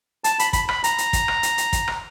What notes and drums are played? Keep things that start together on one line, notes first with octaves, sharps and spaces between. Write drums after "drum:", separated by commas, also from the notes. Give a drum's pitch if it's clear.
A5, drum: hi-hat
B5, drum: hi-hat
B5, drum: kick, hi-hat
B5, drum: rim click
A#5, drum: hi-hat
drum: hi-hat
drum: kick, hi-hat
drum: rim click
drum: hi-hat
drum: hi-hat
drum: kick, hi-hat
drum: rim click